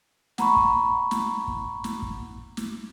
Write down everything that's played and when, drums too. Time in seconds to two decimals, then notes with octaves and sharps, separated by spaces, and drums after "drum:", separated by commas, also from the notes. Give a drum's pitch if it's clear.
0.38 F#5 A#5 B5 C#6, drum: snare
0.56 drum: kick
1.11 drum: snare
1.48 drum: kick
1.84 drum: snare
2.02 drum: kick
2.57 drum: snare